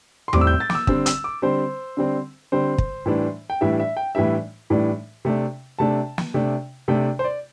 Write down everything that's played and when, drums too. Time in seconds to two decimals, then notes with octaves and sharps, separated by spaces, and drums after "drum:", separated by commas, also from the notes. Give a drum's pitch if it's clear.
0.28 C6
0.33 A2 G3 C4 D6, drum: tom E2
0.41 E6
0.47 G6
0.60 A6
0.70 D6, drum: snare
0.75 E6
0.87 D3 G3 C4 E6, drum: kick
1.06 E6, drum: hi-hat
1.24 D6
1.42 D3 G3 C4 C5
1.97 D3 G3 C4
2.52 D3 G3 C4 C5
2.78 drum: kick
3.06 A2 E3 G3 D4
3.50 G5
3.61 A2 E3 G3 D4 E5
3.80 E5
3.97 G5
4.15 A2 E3 G3 D4 E5
4.70 A2 E3 G3 D4
5.25 C3 A3 D4
5.79 C3 A3 D4 A5
6.18 drum: snare
6.34 C3 A3 D4
6.88 C3 A3 D4 G5
7.19 C5
7.24 D5